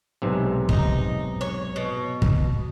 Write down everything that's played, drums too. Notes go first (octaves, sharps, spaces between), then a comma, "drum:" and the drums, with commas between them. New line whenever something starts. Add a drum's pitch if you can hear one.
B1 G#2 C3
D#4, drum: kick
C#5
B2
drum: kick